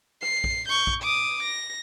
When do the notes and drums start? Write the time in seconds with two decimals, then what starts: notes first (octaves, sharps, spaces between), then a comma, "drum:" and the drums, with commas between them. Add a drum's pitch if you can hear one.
0.22 C7, drum: rim click
0.44 drum: kick A#1
0.69 C#6 G6
0.87 drum: kick A#1
1.03 D6 D#6
1.43 A#6